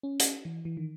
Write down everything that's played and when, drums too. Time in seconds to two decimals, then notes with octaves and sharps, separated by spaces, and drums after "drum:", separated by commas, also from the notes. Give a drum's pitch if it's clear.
0.03 C#4
0.19 drum: hi-hat
0.45 E3
0.65 E3
0.77 D#3